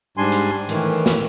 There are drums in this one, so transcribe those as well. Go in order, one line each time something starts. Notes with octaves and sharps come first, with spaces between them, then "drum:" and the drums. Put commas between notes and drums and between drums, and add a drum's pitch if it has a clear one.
G#2 G3 D4 G#5 C6
drum: hi-hat
A2 D#3 E3, drum: hi-hat
drum: snare